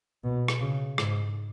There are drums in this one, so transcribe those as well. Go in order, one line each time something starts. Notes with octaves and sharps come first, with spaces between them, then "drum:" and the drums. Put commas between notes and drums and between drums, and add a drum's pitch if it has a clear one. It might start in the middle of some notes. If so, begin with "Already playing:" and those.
B2
drum: rim click
C#3
G#2, drum: rim click